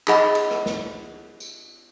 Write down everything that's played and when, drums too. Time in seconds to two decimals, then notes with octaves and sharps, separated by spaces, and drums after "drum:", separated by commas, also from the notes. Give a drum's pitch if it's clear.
0.07 D#4 G#4 D#5 F#5 B5, drum: clap
0.35 drum: cymbal
0.51 drum: rim click
0.66 drum: snare
1.40 drum: tambourine